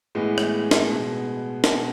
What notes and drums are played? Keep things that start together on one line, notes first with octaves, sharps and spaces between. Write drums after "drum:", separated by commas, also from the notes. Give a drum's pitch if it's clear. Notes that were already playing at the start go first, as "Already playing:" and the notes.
A2 E3 G#3 B3
drum: rim click
drum: snare
B2
B2, drum: snare